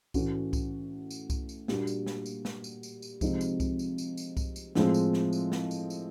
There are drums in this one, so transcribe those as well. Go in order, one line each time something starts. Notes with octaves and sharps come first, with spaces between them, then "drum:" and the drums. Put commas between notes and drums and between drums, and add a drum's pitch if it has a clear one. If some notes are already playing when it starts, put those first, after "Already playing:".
A2 E3 A3 C#4 F#4, drum: kick C2, tambourine
drum: kick C2, tambourine
drum: tambourine
drum: kick C2, tambourine
drum: tambourine
A#2 G3 A#3 D4 F#4, drum: snare
drum: tambourine
drum: snare
drum: tambourine
drum: snare
drum: tambourine
drum: tambourine
drum: tambourine
C3 F3 G#3 C4 D#4, drum: kick C2, tambourine
drum: tambourine
drum: kick C2, tambourine
drum: tambourine
drum: tambourine
drum: tambourine
drum: kick C2, tambourine
drum: tambourine
A2 F3 G#3 C4, drum: snare
drum: tambourine
drum: snare
drum: tambourine
drum: snare
drum: tambourine
drum: tambourine